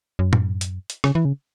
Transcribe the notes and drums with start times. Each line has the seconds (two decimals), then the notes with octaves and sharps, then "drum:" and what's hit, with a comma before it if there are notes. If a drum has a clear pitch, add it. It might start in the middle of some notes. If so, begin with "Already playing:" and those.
0.19 F#2
0.33 drum: tom
0.61 drum: hi-hat
0.90 drum: hi-hat
1.04 C#3, drum: rim click
1.15 E3
1.25 C#3